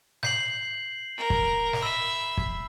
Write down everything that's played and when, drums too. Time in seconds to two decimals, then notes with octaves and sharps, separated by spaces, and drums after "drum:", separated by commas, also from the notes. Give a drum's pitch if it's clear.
0.23 G6 C7 F#7, drum: snare
1.17 A#4
1.30 drum: kick
1.73 drum: snare
1.82 E5 B5 E6
2.37 drum: kick